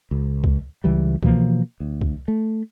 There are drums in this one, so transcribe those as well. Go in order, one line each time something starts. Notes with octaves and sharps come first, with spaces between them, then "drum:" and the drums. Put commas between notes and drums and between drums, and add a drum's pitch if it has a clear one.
C#2
drum: kick
C#2 E3 G3
B2 E3 F3 A#3, drum: kick
D2
drum: kick
A3